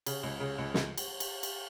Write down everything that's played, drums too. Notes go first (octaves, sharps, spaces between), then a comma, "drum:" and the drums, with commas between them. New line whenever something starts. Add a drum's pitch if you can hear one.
C#3, drum: cymbal
C#2
C#3
C#2
C#2, drum: snare
drum: cymbal
drum: cymbal
drum: cymbal